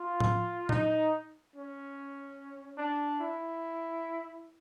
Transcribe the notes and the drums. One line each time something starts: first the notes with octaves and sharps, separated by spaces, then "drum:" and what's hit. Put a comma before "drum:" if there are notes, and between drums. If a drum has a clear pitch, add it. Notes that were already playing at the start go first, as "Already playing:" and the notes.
Already playing: F4
drum: tom A2
D#4, drum: tom A#2
C#4
D4
E4